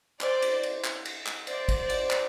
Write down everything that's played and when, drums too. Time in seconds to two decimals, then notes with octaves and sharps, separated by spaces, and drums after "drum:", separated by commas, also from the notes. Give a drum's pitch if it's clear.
0.21 C5 D5, drum: clap
0.42 drum: cymbal
0.63 drum: cymbal
0.84 drum: clap
1.05 drum: cymbal
1.26 drum: clap
1.47 C5 D5, drum: cymbal
1.68 drum: kick, cymbal
1.78 C5 D5
1.90 drum: cymbal
2.11 drum: clap